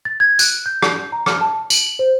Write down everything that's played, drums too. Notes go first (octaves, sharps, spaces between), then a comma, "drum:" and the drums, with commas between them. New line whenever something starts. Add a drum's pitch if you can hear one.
A6
G#6
F#6, drum: tambourine
G6
drum: rim click
A#5
F6, drum: rim click
A5
F#7, drum: tambourine
C5